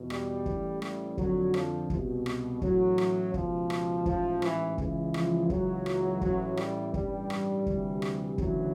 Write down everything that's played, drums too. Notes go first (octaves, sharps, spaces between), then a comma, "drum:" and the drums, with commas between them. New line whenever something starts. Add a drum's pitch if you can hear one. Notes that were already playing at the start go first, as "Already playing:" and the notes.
Already playing: E2 B2
G3, drum: rim click
A1 A2 E3, drum: kick
G3, drum: rim click
F2 D3 F#3, drum: kick
F3, drum: rim click
C2, drum: kick
B2
drum: rim click
A1 A2 E3 F#3, drum: kick
drum: rim click
C#2 B2 F3, drum: kick
drum: rim click
A1 G#2 E3 F3, drum: kick
E3, drum: rim click
C#2 C#3 E3, drum: kick
F3, drum: rim click
C#2 C#3 E3 F#3, drum: kick
drum: rim click
A1 A2 E3 F#3, drum: kick
G3, drum: rim click
A1 G2 E3 G3, drum: kick
drum: rim click
D2 C3 E3, drum: kick
drum: rim click
D2 C#3 E3 F#3, drum: kick